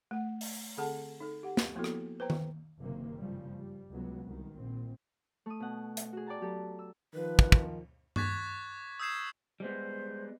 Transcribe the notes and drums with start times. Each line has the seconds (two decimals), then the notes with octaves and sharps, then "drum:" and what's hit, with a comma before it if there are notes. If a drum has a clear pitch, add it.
0.11 A3 F#5
0.41 drum: open hi-hat
0.77 D3 C4 G#4 A4 F#5 A5
1.20 D#4 A4
1.43 G4 F#5
1.57 drum: snare
1.75 F3 A#3 B3 E4 F#4 A4
1.84 drum: rim click
2.20 B4 C5 G5 A#5
2.30 drum: tom D#3
2.80 F#1 C3 D#3 A#3
3.18 G2 C#3 F3 G3
3.60 G3
3.90 C#2 C3 F#3 B3
4.26 C2 D#3
4.55 A#1 A#2 C4
5.46 A3 D#6
5.60 B2 F#5
5.97 drum: hi-hat
6.13 F#4 G#4
6.27 D5 G5 A5 A#5
6.41 F#3 G4 A4
6.79 E6
7.14 D#3 F3 B4
7.39 drum: kick
7.52 drum: kick
8.16 C#6 D6 F#6 G#6 A6 B6, drum: tom G2
8.99 D#6 E6 G6 G#6 C7 E7
9.60 G3 G#3 B3 C5